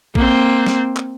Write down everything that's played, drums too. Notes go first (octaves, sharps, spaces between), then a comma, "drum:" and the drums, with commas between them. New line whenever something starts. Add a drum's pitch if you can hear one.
A#3 C4, drum: kick A#1
drum: snare
drum: clap